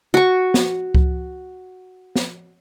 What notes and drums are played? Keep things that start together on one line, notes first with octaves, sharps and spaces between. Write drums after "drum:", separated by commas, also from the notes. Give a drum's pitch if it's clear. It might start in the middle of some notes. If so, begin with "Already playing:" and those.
F#4 C#6
drum: snare
drum: kick C#2
drum: snare